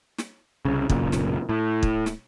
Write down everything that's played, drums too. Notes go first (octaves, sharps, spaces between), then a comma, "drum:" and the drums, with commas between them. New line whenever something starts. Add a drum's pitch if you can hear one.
drum: snare
C2 C#3
F#1 B1 A#2 C#3, drum: kick
drum: snare
A2
drum: kick
drum: snare